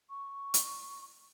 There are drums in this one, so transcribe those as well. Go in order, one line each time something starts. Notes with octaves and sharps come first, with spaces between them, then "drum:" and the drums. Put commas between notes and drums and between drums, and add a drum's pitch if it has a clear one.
C#6
drum: hi-hat